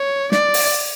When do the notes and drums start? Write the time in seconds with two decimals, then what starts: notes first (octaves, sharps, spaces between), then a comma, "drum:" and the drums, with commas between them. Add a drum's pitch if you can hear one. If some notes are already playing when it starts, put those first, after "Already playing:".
Already playing: C#5
0.32 D5, drum: snare
0.54 drum: open hi-hat